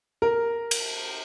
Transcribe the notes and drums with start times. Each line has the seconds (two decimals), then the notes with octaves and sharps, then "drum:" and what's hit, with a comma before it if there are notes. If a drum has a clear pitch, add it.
0.22 A#4
0.71 drum: cymbal